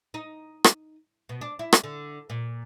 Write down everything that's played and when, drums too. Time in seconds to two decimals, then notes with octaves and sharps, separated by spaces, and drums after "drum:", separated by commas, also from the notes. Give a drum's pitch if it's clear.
0.14 D#4
0.64 drum: rim click
1.29 B2
1.41 D4
1.59 E4
1.73 drum: rim click
1.84 D3
2.30 A#2